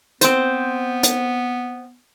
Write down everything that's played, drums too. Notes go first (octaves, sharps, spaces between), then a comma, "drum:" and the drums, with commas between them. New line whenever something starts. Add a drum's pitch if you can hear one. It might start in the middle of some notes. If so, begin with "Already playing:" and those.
B3 C4 C5, drum: hi-hat
drum: hi-hat